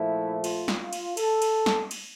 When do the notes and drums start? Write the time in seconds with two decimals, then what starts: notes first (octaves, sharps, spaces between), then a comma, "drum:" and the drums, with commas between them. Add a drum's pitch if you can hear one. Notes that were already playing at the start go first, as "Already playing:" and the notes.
Already playing: A#2 F3 A3 E4
0.44 F4, drum: cymbal
0.68 drum: snare
0.81 F4
0.93 drum: cymbal
1.17 A4, drum: cymbal
1.42 drum: cymbal
1.66 drum: snare
1.91 drum: cymbal